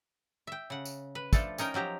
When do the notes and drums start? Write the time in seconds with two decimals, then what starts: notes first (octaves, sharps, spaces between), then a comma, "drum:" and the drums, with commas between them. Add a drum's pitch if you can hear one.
0.47 E5 G5
0.70 C#3 F#5
0.85 drum: tambourine
1.15 B4
1.33 F3 A3 D4 A4, drum: kick, tambourine
1.58 C#4 D#4 A#4 G5, drum: tambourine
1.74 F3 F#3 G4 A#5